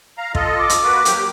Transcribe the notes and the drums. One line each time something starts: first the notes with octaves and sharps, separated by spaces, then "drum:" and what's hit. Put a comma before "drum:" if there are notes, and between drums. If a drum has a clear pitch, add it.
F5 A#5
F4 A4 D#5, drum: kick
D6
drum: hi-hat
A#3 F#4 B4
F#3 A#3 G4, drum: hi-hat